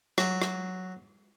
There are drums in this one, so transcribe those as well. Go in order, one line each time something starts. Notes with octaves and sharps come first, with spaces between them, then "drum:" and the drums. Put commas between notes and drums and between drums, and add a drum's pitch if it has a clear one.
F#3, drum: rim click
drum: rim click